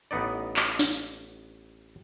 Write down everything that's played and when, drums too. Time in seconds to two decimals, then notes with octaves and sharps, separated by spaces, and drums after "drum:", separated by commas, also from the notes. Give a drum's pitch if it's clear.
0.11 A1 B3 D#4 D5
0.56 drum: clap
0.79 drum: snare